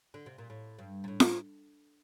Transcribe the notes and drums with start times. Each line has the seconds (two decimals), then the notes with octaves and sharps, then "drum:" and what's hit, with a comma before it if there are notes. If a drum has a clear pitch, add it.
0.14 D3
0.26 C3
0.38 A#2
0.50 A2
0.79 G2
1.04 A#2
1.08 A2
1.20 drum: snare F4